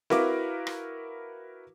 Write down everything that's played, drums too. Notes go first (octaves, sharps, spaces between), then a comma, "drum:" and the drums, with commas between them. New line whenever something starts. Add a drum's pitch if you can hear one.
E4 F#4 A#4 B4 F5 D6, drum: snare C4
drum: rim click